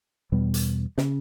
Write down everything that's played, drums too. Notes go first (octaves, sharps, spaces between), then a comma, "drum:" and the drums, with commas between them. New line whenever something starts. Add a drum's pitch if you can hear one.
E2 B2 G3 B3
drum: hi-hat
C#3, drum: snare